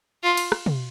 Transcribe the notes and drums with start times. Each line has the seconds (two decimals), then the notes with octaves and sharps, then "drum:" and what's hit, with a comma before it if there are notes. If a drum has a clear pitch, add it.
0.23 F4
0.37 drum: cymbal
0.52 drum: rim click
0.66 drum: tom